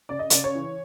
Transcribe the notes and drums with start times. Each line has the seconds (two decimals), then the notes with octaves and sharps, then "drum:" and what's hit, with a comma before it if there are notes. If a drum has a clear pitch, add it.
0.09 C#3 D5
0.19 D#5
0.30 C#3 D5, drum: hi-hat
0.44 C#5
0.55 E3